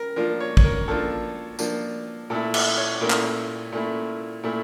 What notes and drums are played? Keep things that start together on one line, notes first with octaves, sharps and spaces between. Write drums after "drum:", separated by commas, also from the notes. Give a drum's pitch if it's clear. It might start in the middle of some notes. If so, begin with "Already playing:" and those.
Already playing: A#4
F3 A#3 D4 F4 A#4
C#5
C#5, drum: kick
A#4
F3 A#3 D4 F4 A4
F3 A#3 D4 F4, drum: tambourine
A#2 A3 E4 A4
E5, drum: cymbal
C#5
A#2 A3 E4 A#4
drum: clap
A#2 A3 E4
A#2 A3 E4